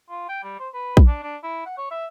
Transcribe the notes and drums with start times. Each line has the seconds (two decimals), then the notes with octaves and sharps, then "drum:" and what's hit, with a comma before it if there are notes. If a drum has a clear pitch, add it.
0.10 F4
0.29 G5
0.43 G3
0.60 C5
0.74 B4
0.97 drum: kick A#1
1.07 D4
1.23 D4
1.43 E4
1.66 F#5
1.78 C#5
1.91 E5